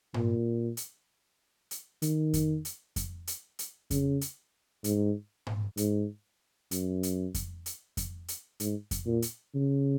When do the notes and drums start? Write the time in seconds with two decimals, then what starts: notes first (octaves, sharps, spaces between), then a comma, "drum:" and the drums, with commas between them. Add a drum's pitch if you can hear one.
0.14 A#2, drum: tom G#2
0.77 drum: hi-hat
1.71 drum: hi-hat
2.02 D#3, drum: hi-hat
2.33 drum: kick F2, hi-hat
2.65 drum: hi-hat
2.96 drum: kick F2, hi-hat
3.27 drum: hi-hat
3.59 drum: hi-hat
3.91 C#3, drum: kick F2, hi-hat
4.21 drum: hi-hat
4.84 G#2, drum: hi-hat
5.47 drum: tom G#2
5.77 G#2, drum: hi-hat
6.71 F#2, drum: hi-hat
7.03 drum: hi-hat
7.34 drum: kick F2, hi-hat
7.66 drum: hi-hat
7.97 drum: kick F2, hi-hat
8.28 drum: hi-hat
8.60 G#2, drum: hi-hat
8.91 drum: kick F2, hi-hat
9.06 A#2
9.22 drum: hi-hat
9.54 C#3